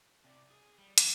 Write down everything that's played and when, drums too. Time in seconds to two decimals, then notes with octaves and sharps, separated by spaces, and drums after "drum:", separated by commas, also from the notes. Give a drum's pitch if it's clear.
0.24 C3 D5
0.51 G#4
0.78 G3
0.98 F#2 E3, drum: hi-hat